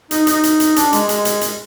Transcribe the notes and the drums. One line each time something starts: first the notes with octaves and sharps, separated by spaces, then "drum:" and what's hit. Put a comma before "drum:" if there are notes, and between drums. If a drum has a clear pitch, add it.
D#4, drum: hi-hat
D#4, drum: hi-hat
drum: hi-hat
drum: hi-hat
D4, drum: hi-hat
G#3, drum: hi-hat
G#3, drum: hi-hat
drum: hi-hat
drum: hi-hat